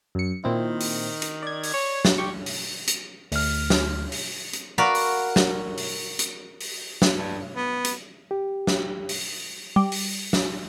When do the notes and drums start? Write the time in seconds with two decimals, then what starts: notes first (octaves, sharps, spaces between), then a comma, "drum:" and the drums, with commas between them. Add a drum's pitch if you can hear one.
0.15 F#2 C#7
0.44 A#2 D#3 C4 E4
0.80 drum: open hi-hat
1.22 drum: hi-hat
1.42 D5 G#6
1.63 drum: open hi-hat
1.73 C#5
2.05 drum: snare
2.18 G4 C#6
2.46 drum: open hi-hat
2.87 drum: hi-hat
3.32 D2 F6, drum: open hi-hat
3.70 drum: snare
4.12 drum: open hi-hat
4.53 drum: hi-hat
4.78 F#4 A#4 D5 F5 B5
4.95 drum: open hi-hat
5.36 drum: snare
5.77 drum: open hi-hat
6.19 drum: hi-hat
6.60 drum: open hi-hat
7.02 drum: snare
7.15 G2
7.56 B3
7.85 drum: hi-hat
8.31 G4
8.67 drum: snare
9.09 drum: open hi-hat
9.76 G3
9.92 drum: open hi-hat
10.33 drum: snare